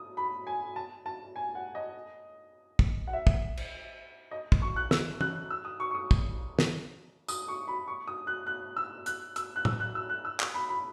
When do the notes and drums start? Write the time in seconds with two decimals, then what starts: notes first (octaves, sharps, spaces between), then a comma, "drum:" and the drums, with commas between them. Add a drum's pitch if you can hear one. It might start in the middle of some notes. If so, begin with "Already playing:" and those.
Already playing: D#6
0.17 B5
0.47 G#5
0.76 A5
1.06 A5
1.36 G#5
1.55 F#5
1.75 D#5
2.79 drum: kick
3.07 F#5
3.13 E5
3.27 drum: kick
3.57 drum: cymbal
4.31 D#5
4.52 drum: kick
4.62 C#6
4.76 F#6
4.91 E6, drum: snare
5.21 F#6, drum: tom E3
5.50 E6
5.65 D#6
5.80 C#6
5.91 C#6
5.95 D#6
6.11 drum: kick
6.59 drum: snare
7.28 D#6, drum: tambourine
7.48 C#6
7.68 B5
7.88 C#6
8.07 D#6
8.27 F#6
8.47 F#6
8.76 E6
9.06 F#6, drum: hi-hat
9.36 E6, drum: hi-hat
9.56 F#6
9.65 E6, drum: tom A2
9.80 F#6
9.95 E6
10.10 F#6
10.25 E6
10.40 D#6, drum: clap
10.54 B5
10.69 B5